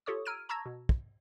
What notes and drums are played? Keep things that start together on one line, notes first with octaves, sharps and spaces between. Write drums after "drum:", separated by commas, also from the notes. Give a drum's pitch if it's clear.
F4 G4 A4 C#5 C#6 D#6
A#5 E6 F6 G#6 D7 D#7
A5 A#5 C#6 E6 G#6 A#6
B2
drum: kick